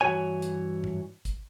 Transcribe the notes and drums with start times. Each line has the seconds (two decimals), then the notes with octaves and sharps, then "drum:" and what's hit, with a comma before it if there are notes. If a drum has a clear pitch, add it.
0.01 G2 E3 F3 F#4 C#5 G#5
0.42 drum: hi-hat
0.84 drum: tom G#2
1.25 drum: kick, hi-hat